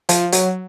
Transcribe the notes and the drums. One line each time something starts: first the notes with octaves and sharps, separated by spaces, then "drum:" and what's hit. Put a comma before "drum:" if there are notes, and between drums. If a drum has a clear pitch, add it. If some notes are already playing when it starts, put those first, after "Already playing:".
F3, drum: hi-hat
F#3, drum: hi-hat